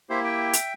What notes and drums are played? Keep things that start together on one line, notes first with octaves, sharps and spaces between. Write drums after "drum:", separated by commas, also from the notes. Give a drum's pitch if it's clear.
A#3 E4 G4 C5 E5
E5 G5
drum: hi-hat